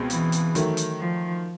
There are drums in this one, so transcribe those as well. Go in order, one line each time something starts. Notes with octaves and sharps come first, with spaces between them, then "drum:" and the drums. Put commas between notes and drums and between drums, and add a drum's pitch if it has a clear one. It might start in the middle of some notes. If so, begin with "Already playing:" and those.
Already playing: C#2 B2 G#3 C4
E3, drum: hi-hat
drum: hi-hat
D#3 F#3 A3, drum: hi-hat
drum: hi-hat
F3